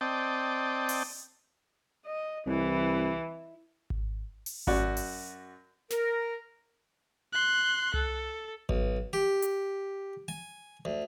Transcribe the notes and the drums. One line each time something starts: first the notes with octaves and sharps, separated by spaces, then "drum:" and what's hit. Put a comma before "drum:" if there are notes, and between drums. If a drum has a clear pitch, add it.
C4 D5 D#5 G5 A5
drum: open hi-hat
D#5
C2 E3
drum: kick G#1
drum: open hi-hat
F#2 F#4 D5, drum: kick G#1
drum: open hi-hat
A#4, drum: snare
C6 F#6
A4, drum: tom C2
B1, drum: kick G#1
G4
drum: hi-hat
G#5
D2